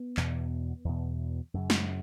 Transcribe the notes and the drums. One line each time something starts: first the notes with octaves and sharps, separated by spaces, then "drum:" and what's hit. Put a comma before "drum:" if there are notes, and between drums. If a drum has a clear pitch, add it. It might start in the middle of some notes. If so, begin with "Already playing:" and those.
Already playing: B3
E2 B2, drum: clap
E2 B2
F#2 C#3
drum: snare